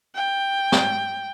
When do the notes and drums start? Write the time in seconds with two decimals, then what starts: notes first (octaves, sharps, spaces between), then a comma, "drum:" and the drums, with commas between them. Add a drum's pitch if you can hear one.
0.15 G5
0.72 drum: snare